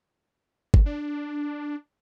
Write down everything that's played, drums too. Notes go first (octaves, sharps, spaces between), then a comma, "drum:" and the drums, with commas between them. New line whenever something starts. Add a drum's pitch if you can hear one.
drum: kick G1
D4